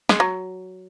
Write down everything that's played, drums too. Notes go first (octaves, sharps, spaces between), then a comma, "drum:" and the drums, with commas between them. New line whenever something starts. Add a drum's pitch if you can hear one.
G#3, drum: snare
F#3